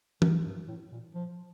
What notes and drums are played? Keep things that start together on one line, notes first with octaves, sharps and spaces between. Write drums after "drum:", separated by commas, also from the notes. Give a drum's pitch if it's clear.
D#3, drum: tom
G2
A2
A#2
F3